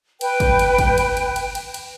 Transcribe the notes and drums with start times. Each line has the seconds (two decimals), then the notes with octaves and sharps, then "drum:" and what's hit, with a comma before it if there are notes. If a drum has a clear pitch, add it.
0.21 B4 G5, drum: cymbal
0.40 drum: kick, cymbal
0.59 drum: cymbal
0.79 drum: kick, cymbal
0.98 drum: cymbal
1.17 drum: cymbal
1.36 drum: cymbal
1.55 drum: cymbal
1.74 drum: cymbal